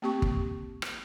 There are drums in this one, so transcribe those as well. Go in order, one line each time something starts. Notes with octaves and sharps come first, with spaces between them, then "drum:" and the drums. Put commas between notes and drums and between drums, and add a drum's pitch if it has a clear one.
A#3 C4 G4 G5 C#6
drum: kick
drum: rim click